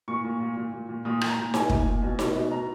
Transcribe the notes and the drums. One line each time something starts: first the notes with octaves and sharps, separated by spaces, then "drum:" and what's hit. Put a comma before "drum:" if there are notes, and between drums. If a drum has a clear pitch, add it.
A#2 C#6
A#2
A#2
A#2
A#2
A#2
A#2 D#6
A#2, drum: rim click
A#5
A#2
A#2 G#5, drum: snare D#4
A#2, drum: kick
A#2
B2
B2, drum: snare D#4
B2
B2 A#5